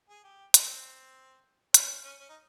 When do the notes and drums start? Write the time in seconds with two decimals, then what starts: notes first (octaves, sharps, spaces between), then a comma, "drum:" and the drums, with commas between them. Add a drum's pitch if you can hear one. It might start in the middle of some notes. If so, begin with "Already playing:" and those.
0.09 G#4
0.24 G4
0.54 C4, drum: hi-hat
1.74 C#4, drum: hi-hat
2.04 C#4
2.20 C#4
2.29 D#4